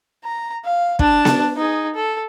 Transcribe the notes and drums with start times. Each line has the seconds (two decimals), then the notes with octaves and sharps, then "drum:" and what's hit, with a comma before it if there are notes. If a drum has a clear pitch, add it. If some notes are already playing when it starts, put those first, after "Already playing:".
0.24 A#5
0.65 F5
0.99 D4 A5, drum: kick
1.25 drum: snare B3
1.57 D#4 G#4
1.94 A4